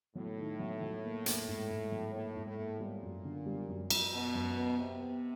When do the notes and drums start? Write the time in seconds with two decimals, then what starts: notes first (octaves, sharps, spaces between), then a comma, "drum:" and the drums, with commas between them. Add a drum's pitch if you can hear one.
0.15 A2 F#3
0.37 D#3
0.59 F#3
0.82 F#3
1.04 A#3
1.26 A#3, drum: hi-hat
1.48 G#2
1.70 G#2
1.92 F#3
2.14 A2 A#3
2.36 G#2
2.47 A2
2.58 A#3
2.80 A#2 G3
3.02 F#2
3.24 D3
3.46 G3
3.69 F#2
3.90 F#2, drum: cymbal
4.12 B2 B3
4.35 F#2
4.57 B3
4.78 C3 B3
5.01 B3